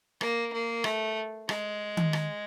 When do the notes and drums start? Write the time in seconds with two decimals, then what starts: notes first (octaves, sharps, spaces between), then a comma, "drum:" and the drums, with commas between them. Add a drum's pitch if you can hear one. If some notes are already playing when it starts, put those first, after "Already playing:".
0.21 A#3, drum: rim click
0.53 A#3
0.84 A3, drum: rim click
1.49 G#3, drum: rim click
1.97 drum: tom D#3
2.13 drum: rim click